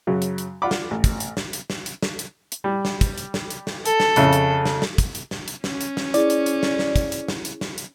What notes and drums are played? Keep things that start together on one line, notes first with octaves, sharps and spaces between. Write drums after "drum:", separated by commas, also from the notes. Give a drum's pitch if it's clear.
F#2 C#3 F#3
drum: hi-hat
drum: hi-hat
F4 D5 F#5 B5 D6
drum: snare
A1
drum: kick, hi-hat
drum: hi-hat
drum: snare
drum: hi-hat
drum: snare
drum: hi-hat
drum: snare
drum: hi-hat
drum: hi-hat
G3
drum: snare
drum: kick, hi-hat
drum: hi-hat
drum: snare
drum: hi-hat
drum: snare
A4, drum: hi-hat
drum: snare
F2 C#3 E5, drum: hi-hat
drum: hi-hat
drum: snare
drum: snare
drum: kick, hi-hat
drum: hi-hat
drum: snare
drum: hi-hat
C#4, drum: snare
drum: hi-hat
drum: snare
E4 G#4 D5, drum: hi-hat
drum: hi-hat
drum: hi-hat
drum: snare
drum: snare
drum: kick, hi-hat
drum: hi-hat
drum: snare
drum: hi-hat
drum: snare
drum: hi-hat